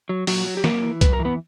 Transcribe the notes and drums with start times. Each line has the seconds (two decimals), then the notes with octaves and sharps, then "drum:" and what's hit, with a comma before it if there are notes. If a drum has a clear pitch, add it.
0.09 F#3
0.27 A#2 F#3 F#4, drum: open hi-hat
0.46 F#3
0.57 G4
0.64 F#2 A#3 A#4, drum: snare
0.83 E3
1.01 F#2 B4, drum: kick C2, hi-hat
1.13 A#4
1.19 E3
1.25 B3 B4